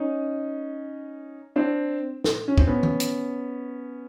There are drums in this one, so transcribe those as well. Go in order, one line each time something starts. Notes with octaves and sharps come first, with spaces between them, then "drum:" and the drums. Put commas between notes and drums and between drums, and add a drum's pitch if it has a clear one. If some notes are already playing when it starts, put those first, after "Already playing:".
Already playing: C#4 D#4
C4 D4
drum: snare
C#4
C4, drum: kick
B3 C#4
drum: tom D#3
drum: hi-hat